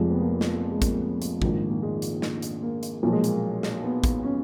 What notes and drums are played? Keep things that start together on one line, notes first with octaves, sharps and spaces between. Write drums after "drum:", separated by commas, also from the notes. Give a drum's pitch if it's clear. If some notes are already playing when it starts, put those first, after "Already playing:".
Already playing: F1 F2 F3 G#3
B3
A#3
drum: snare
G#3
A#3, drum: kick, hi-hat
drum: hi-hat
A#1 G#2 D#3, drum: kick
A#3
G#3
drum: hi-hat
drum: snare
drum: hi-hat
A#3
drum: hi-hat
B1 A#2 F3 A#3
G#3
A#3, drum: hi-hat
drum: snare
B3
drum: kick, hi-hat
C#4